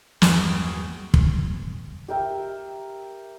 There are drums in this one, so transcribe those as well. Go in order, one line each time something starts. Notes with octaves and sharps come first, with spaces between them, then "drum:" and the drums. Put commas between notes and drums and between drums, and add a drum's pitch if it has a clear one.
E2 G2 C#3 A#3 F#4 G#4 G5, drum: snare
drum: kick
G4 A#4 E5 G5